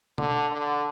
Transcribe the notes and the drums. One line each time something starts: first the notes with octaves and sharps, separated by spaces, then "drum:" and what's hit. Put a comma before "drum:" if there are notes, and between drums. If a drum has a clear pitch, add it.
D3, drum: tom B2
D3